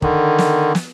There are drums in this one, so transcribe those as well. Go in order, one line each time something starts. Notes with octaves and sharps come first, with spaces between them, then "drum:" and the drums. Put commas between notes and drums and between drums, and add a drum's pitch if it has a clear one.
D3 D#3, drum: kick
drum: snare
drum: snare